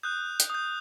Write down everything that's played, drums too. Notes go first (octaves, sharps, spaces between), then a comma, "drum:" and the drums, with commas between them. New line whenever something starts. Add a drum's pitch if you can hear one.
D#6 F#6 G6
drum: hi-hat
D#6 G6